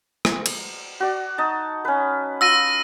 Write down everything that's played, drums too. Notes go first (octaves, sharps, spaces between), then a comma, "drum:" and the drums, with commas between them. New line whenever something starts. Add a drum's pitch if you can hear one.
drum: rim click
drum: cymbal
F#4 D5
D#4 D#5 A5
C#4 B4
F4 E6 A#6 D#7